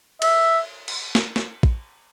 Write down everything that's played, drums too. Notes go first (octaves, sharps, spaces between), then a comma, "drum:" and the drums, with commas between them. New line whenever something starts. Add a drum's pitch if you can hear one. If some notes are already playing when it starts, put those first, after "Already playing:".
E5, drum: cymbal
drum: cymbal
drum: snare
drum: snare
drum: kick